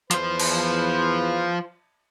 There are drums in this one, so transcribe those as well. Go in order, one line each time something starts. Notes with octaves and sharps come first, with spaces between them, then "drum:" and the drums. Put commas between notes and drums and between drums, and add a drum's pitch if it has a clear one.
E2 F3 B4 C5, drum: hi-hat
drum: cymbal